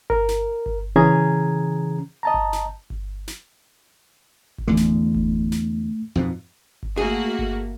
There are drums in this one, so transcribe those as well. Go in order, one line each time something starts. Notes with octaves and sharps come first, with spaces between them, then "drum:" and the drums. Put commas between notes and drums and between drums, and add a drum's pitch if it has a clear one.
A#4, drum: kick G1
drum: snare
drum: kick G1
C#3 E3 C#4 G#4 A#5 G#6
D#5 A5 A#5
drum: kick G1
drum: snare
drum: kick G1
drum: snare
drum: kick G1
E2 D3 A3
drum: snare
drum: kick G1
drum: snare
F2 G#2 B2
drum: kick G1
A3 A#3 F#4 G#4
drum: kick G1